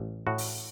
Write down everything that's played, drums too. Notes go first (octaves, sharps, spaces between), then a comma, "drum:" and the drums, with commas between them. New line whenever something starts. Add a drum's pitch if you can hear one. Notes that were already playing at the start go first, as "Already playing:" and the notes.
Already playing: A1
A2 F#4
drum: open hi-hat